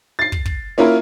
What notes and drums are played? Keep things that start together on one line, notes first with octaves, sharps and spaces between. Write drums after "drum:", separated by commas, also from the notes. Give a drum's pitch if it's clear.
A6 C7
drum: kick
drum: kick
A#3 C#4 E4 F4 A#4